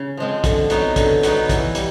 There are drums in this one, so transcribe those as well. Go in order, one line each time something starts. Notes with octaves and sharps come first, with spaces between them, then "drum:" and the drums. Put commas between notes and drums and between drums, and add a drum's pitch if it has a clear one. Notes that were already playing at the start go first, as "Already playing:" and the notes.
Already playing: C#3
F3 G#3 C4
D3, drum: kick, hi-hat
F#3 B3 D#4, drum: hi-hat
D3, drum: kick, hi-hat
F#3 B3 D#4, drum: hi-hat
E3, drum: kick, hi-hat
G3, drum: hi-hat